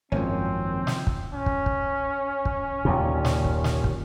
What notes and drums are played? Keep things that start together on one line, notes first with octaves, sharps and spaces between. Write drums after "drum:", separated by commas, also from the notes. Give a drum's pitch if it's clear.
G#1 F#2 F3 A#3 C4 C#4
drum: snare
drum: kick
C#4
drum: kick
drum: kick
drum: kick
D#2 A#2
drum: snare
drum: kick
drum: snare
drum: kick